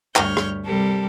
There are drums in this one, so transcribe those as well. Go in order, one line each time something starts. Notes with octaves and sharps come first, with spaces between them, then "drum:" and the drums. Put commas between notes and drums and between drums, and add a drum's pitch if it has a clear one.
D2 G2 C#5 F6 G6, drum: clap
drum: rim click
C3 G3 G4 A4 A#4